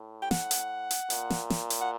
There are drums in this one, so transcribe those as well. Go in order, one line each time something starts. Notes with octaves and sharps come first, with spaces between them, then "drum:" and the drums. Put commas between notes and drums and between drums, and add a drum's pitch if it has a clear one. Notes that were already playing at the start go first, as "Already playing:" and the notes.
Already playing: A2
G5
F#5, drum: snare
drum: hi-hat
drum: hi-hat
A#2, drum: hi-hat
drum: snare
drum: snare
drum: hi-hat
F#5